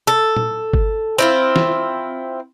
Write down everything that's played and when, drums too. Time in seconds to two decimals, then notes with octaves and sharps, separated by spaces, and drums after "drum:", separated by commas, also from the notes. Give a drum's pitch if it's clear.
0.07 A4
0.36 drum: tom
0.73 drum: kick G1
1.18 C4 E4 F4
1.56 drum: snare